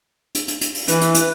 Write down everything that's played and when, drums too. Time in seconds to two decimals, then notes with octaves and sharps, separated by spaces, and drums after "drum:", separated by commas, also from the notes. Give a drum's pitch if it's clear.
0.35 drum: hi-hat
0.48 drum: hi-hat
0.61 drum: hi-hat
0.75 drum: open hi-hat
0.88 E3 B4, drum: hi-hat
1.01 drum: hi-hat
1.15 drum: hi-hat